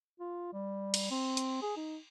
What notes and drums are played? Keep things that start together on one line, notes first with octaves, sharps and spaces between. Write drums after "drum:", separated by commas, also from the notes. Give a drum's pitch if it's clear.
F4
G3
drum: cymbal
C4
drum: hi-hat
G#4
D#4